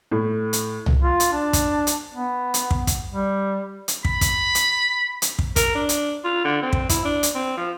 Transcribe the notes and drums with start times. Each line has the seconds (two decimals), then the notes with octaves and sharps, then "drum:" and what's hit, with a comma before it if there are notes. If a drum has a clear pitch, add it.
0.11 A2
0.53 drum: hi-hat
0.86 drum: tom C2
1.01 F4
1.20 drum: hi-hat
1.32 D4
1.53 drum: kick, hi-hat
1.87 drum: hi-hat
2.14 B3
2.54 drum: hi-hat
2.71 drum: kick
2.87 drum: kick, hi-hat
3.12 G3
3.88 drum: hi-hat
4.05 B5, drum: kick
4.21 drum: kick, hi-hat
4.55 drum: hi-hat
5.22 drum: hi-hat
5.39 drum: kick
5.56 A#4, drum: kick, hi-hat
5.75 D4
5.89 drum: hi-hat
6.24 F4
6.45 D3
6.62 C4
6.73 drum: kick
6.89 E4, drum: kick, hi-hat
7.05 D4
7.23 drum: hi-hat
7.35 C4
7.57 F3